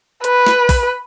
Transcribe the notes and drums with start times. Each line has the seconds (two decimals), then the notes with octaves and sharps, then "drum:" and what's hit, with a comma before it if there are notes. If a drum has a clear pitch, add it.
0.24 B4, drum: hi-hat
0.46 drum: snare
0.69 drum: kick, open hi-hat